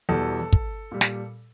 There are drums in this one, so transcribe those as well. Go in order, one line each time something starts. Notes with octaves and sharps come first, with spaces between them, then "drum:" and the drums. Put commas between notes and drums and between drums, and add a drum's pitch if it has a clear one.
E2 B2 G3 A4
drum: kick
A#2 G3
drum: snare